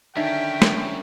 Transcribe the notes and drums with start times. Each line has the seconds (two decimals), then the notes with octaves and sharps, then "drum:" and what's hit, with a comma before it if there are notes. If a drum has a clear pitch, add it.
0.17 D3 D#3 C#4 A#4 E5 G5
0.62 drum: snare